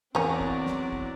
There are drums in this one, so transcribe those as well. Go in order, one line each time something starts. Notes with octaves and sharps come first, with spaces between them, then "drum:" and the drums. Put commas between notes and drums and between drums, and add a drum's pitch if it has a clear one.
E2 A#3 C4 C#4 F#4 C#5 D5 A#5
drum: kick
drum: snare
drum: kick